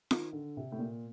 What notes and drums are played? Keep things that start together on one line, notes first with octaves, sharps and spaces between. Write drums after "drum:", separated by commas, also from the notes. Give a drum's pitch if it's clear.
D#3, drum: snare F4
D3
C3
A2
A#2